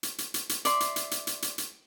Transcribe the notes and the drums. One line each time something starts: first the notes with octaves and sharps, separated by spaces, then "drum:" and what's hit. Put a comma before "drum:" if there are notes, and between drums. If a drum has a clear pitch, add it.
drum: hi-hat
drum: hi-hat
drum: hi-hat
drum: hi-hat
D5 E5 C6, drum: hi-hat
drum: hi-hat
drum: hi-hat
drum: hi-hat
drum: hi-hat
drum: hi-hat
drum: hi-hat